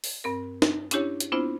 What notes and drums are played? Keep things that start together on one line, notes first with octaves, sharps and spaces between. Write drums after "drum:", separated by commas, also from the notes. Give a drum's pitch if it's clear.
drum: open hi-hat
G2 C4 A#4
drum: snare
C#4 D4 E4 G4 C#5, drum: hi-hat
drum: hi-hat
B3 C4 D4 E4 F4 C5